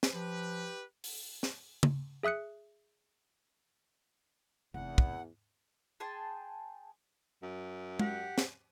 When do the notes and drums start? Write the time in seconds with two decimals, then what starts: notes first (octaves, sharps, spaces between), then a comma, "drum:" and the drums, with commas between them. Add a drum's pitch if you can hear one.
0.03 drum: snare
0.13 F3 G4 B4
1.04 drum: open hi-hat
1.43 drum: snare
1.83 drum: tom
2.23 G#4 E5 D#6 F#6 C#7
4.74 F1 E2 F#5
4.98 drum: kick
6.00 G#4 G5 A5 C6
7.43 F#2
7.99 G4 F#5, drum: tom G#3
8.38 drum: snare